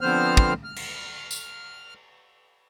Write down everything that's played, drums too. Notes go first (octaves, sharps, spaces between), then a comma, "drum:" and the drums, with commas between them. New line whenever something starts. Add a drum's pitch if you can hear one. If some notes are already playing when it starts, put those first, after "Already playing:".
D3 F3 B3 C4 C5 F6
drum: kick
F6
drum: cymbal
drum: tambourine